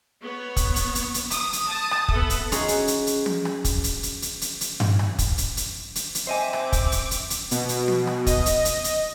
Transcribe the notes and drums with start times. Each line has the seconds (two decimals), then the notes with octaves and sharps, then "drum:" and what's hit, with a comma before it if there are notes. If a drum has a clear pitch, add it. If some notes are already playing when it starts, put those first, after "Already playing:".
0.24 B3 C#5
0.56 drum: kick, hi-hat
0.76 drum: hi-hat
0.95 drum: hi-hat
1.14 drum: hi-hat
1.31 D#6, drum: hi-hat
1.53 drum: hi-hat
1.68 A5
1.91 drum: rim click
2.08 B3 A4 E5, drum: kick
2.30 drum: hi-hat
2.52 C#4 D#4 F4 F#4 G#4 C#5, drum: hi-hat
2.68 drum: hi-hat
2.87 drum: hi-hat
3.07 drum: hi-hat
3.26 drum: tom
3.45 drum: rim click
3.64 drum: kick, hi-hat
3.84 drum: hi-hat
4.03 drum: hi-hat
4.22 drum: hi-hat
4.41 drum: hi-hat
4.61 drum: hi-hat
4.80 drum: tom G2
4.99 drum: rim click
5.18 drum: kick, hi-hat
5.38 drum: hi-hat
5.57 drum: hi-hat
5.95 drum: hi-hat
6.15 drum: hi-hat
6.27 C4 C5 D#5 E5 G#5 D6
6.53 drum: rim click
6.72 drum: kick, hi-hat
6.92 drum: hi-hat
7.11 drum: hi-hat
7.30 drum: hi-hat
7.51 B2, drum: hi-hat
7.69 drum: hi-hat
7.88 drum: tom
8.07 drum: rim click
8.26 D#5, drum: kick, hi-hat
8.46 drum: hi-hat
8.65 drum: hi-hat
8.84 drum: hi-hat